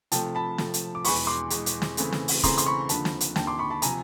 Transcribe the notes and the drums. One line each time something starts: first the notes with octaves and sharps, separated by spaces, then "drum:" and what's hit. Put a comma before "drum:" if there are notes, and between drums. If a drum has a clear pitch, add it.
C3 F3 A3 G5 A5, drum: hi-hat
A5 B5
C3 F3 A3, drum: snare
drum: hi-hat
D6
E2 B2 G#3 B5 C#6, drum: open hi-hat
C6 D6
E2 B2 G#3, drum: hi-hat
drum: hi-hat
drum: snare
C#3 E3 A3 C4, drum: hi-hat
drum: snare
drum: open hi-hat
C#3 E3 A3 C4 A#5 C6, drum: kick, hi-hat
C6, drum: hi-hat
B5 C#6
D#2 D3 F3 A5 B5, drum: hi-hat
drum: snare
drum: hi-hat
D#2 D3 F3 G5 A5, drum: snare
C6 D6
B5 C#6
A5 B5
C3 F3 G#5 A#5, drum: hi-hat